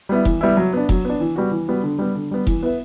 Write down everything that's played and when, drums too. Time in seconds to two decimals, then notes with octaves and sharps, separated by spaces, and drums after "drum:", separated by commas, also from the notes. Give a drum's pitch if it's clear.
0.09 G3 B3 E4
0.25 E3, drum: kick F1
0.41 G3 B3 E4
0.57 F#3
0.73 B3 D4
0.89 F#3, drum: kick F1
1.05 B3 D4
1.20 E3
1.36 G3 B3 F#4
1.51 E3
1.68 G3 B3 F#4
1.83 D3
1.99 G3 B3
2.15 D3
2.31 G3 B3
2.47 E3, drum: kick F1
2.63 B3 E4 B4